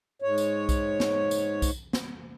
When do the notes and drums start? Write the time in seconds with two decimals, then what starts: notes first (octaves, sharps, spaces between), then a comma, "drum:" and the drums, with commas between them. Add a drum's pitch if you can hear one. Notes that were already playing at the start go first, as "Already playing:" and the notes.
0.22 G#2 C#5
0.38 drum: tambourine
0.69 drum: kick B1, tambourine
1.00 drum: snare
1.31 drum: tambourine
1.62 drum: kick B1, tambourine
1.93 drum: snare